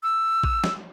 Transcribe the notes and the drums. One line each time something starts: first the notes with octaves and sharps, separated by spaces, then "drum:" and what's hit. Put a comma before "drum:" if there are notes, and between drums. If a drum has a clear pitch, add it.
E6
drum: kick
drum: snare